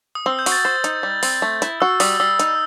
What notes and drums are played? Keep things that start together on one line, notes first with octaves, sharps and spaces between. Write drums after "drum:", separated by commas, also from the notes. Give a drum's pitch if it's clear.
D#6
C4 E6
G6
F#4, drum: open hi-hat
A6
C5 G6
D#4, drum: hi-hat
G3
C4, drum: open hi-hat
A3
E4, drum: hi-hat
F#4 E6
G3 D#6, drum: open hi-hat
G3 E6
D#4, drum: hi-hat